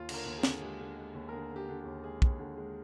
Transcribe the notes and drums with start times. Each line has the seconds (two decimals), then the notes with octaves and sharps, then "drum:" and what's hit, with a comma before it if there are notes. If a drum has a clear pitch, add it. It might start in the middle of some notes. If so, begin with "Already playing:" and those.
Already playing: D#2 F4
0.09 D3, drum: cymbal
0.14 A#4
0.26 D#2
0.38 G#4
0.43 D3, drum: snare
0.61 G#3 G4
0.80 D3
0.97 G#3
1.14 D#2
1.29 A#4
1.32 D3 G#4
1.51 D3
1.56 G4
1.69 D3
1.80 G4
1.85 D#2
2.03 G#3 G#4
2.22 D#2, drum: kick
2.39 D3
2.57 G#3